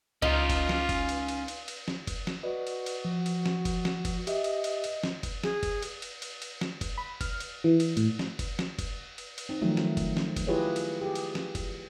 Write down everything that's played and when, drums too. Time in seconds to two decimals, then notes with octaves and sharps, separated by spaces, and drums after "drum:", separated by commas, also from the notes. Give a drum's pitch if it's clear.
0.22 C#2 C#4 D#4 F4 D#5
0.49 drum: kick, cymbal
0.69 drum: snare
0.89 drum: kick, cymbal
1.09 drum: cymbal
1.28 drum: cymbal
1.48 drum: cymbal
1.68 drum: cymbal
1.88 drum: snare
2.07 drum: kick, cymbal
2.27 drum: snare
2.43 F#4 B4 D5 D#5
2.67 drum: cymbal
2.86 drum: cymbal
3.05 F3
3.26 drum: cymbal
3.46 drum: snare
3.65 drum: kick, cymbal
3.85 drum: snare
4.05 drum: kick, cymbal
4.27 G4 D#5 E5, drum: cymbal
4.44 drum: cymbal
4.64 drum: cymbal
4.84 drum: cymbal
5.03 drum: snare
5.23 drum: kick, cymbal
5.44 G#4, drum: snare
5.63 drum: kick, cymbal
5.82 drum: cymbal
6.02 drum: cymbal
6.22 drum: cymbal
6.42 drum: cymbal
6.61 drum: snare
6.81 drum: kick, cymbal
6.98 B5
7.21 F6, drum: kick, cymbal
7.40 drum: cymbal
7.64 E3
7.80 drum: cymbal
7.97 A2, drum: cymbal
8.19 drum: snare
8.39 drum: kick, cymbal
8.59 drum: snare
8.79 drum: kick, cymbal
9.18 drum: cymbal
9.38 drum: cymbal
9.49 C4 D#4
9.62 D#3 F3 F#3 A3
9.77 drum: snare
9.97 drum: kick, cymbal
10.17 drum: snare
10.36 drum: kick, cymbal
10.47 E4 F4 G4 G#4 B4 C#5
10.76 drum: cymbal
11.01 G4 G#4
11.15 drum: cymbal
11.35 drum: snare
11.55 drum: kick, cymbal